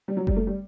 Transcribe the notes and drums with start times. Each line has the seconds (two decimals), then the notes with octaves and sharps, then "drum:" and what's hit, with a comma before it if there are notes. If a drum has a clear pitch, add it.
0.08 G3
0.17 F#3
0.27 G3, drum: kick F#1
0.37 A3
0.47 G3